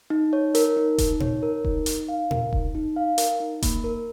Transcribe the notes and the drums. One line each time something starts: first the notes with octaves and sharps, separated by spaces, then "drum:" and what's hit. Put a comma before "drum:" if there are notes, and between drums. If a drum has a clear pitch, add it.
D#4
C#5
A#4, drum: hi-hat
D#4
D#4, drum: kick E1, hi-hat
C#5, drum: tom A#2
A#4
D#4, drum: kick E1
D#4, drum: hi-hat
F5
A#4, drum: tom A#2
D#4, drum: kick E1
D#4
F5
A#4, drum: hi-hat
D#4
A#3, drum: kick E1, hi-hat
A#4